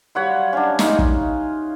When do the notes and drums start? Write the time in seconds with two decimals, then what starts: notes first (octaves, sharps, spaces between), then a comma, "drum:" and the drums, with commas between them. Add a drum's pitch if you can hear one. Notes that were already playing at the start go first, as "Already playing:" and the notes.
0.15 F#3 G3 F4 C#5 F#5 B5
0.53 C#4 D4 E4 F#4
0.79 D#4 F4 D#5, drum: snare
0.99 drum: kick